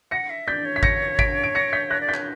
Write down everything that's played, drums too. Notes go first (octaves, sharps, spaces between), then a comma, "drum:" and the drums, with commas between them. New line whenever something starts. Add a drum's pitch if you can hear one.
F#5 A#6 C#7
E5
D5 G6 B6
C#5
B6
A#6 C#7, drum: kick G#1
B6 D7, drum: kick G#1
D7
A#6 C#7
G6 B6
F#6 A#6
D5
G6 B6
C#5, drum: clap